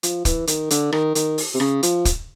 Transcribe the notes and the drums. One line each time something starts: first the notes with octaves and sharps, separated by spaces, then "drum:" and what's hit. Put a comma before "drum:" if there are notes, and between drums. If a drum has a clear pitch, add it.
F3, drum: hi-hat
E3, drum: kick, hi-hat
D#3, drum: hi-hat
D3, drum: hi-hat
D#3, drum: rim click
D#3, drum: hi-hat
drum: open hi-hat
C3
C#3, drum: rim click
F3, drum: hi-hat
drum: kick, hi-hat